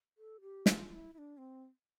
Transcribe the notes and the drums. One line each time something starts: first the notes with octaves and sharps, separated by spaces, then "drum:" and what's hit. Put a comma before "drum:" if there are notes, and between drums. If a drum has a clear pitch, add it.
A4
G4
F4, drum: snare
F4
E4
E4
D4
C4